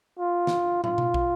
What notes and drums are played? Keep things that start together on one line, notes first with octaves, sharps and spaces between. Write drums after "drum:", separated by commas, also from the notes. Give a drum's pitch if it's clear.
F4
drum: snare
F4, drum: tom
drum: tom B2
drum: kick